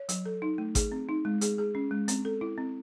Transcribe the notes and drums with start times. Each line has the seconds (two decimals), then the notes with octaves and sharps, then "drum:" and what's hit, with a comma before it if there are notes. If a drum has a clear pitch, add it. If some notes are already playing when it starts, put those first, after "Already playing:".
Already playing: C#5
0.09 F#3, drum: hi-hat
0.25 A4
0.42 D#4
0.58 A3
0.75 G#4, drum: kick G#1, hi-hat
0.92 C4
1.09 D#4
1.25 G#3
1.41 G#4, drum: hi-hat
1.58 G#4
1.75 C#4
1.91 G#3
2.08 C4, drum: hi-hat
2.25 A4
2.41 E4
2.58 C4